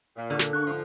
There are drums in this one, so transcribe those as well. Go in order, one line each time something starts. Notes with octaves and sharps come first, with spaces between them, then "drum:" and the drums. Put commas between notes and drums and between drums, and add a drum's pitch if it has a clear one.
A#2
D3 C#6 F6
drum: snare
C#3 A#3 D4 C#6 F#6
G#2 F3